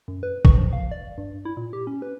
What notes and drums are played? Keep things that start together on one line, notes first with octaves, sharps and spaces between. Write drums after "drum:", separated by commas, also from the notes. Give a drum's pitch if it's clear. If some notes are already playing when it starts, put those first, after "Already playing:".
F#2
B4
C#6, drum: kick
F3
F5
D5
G2
E4
A#2
G4
C#4
B4